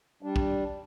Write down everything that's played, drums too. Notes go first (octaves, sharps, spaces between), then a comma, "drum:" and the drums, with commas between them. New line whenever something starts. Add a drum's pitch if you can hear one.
G3 D4
drum: kick